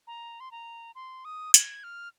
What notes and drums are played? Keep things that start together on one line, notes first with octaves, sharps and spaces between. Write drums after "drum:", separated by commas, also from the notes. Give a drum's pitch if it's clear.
A#5
C6
A#5
C6
D#6
G#6, drum: hi-hat
F6